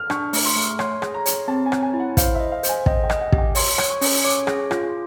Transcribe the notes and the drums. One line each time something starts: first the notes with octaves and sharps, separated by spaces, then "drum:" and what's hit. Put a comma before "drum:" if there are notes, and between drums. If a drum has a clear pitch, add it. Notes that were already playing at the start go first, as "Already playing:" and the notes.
Already playing: F6
D4 C#6, drum: rim click
A3, drum: open hi-hat
C6
A3
C#5 C6, drum: rim click
G#4, drum: rim click
A#5
C#5, drum: hi-hat
C4 A5
G#5
C#5, drum: rim click
G#5
E4
F#5
C5 F5, drum: kick, hi-hat
D#5 E5
F5
C5, drum: hi-hat
G#5
D#5 G5, drum: kick
G5
D#5, drum: rim click
F#5
G4, drum: kick
G5
C#5 C6, drum: open hi-hat
C#5, drum: rim click
C#6
C#4, drum: open hi-hat
C#5 D6
G#4, drum: rim click
F4, drum: rim click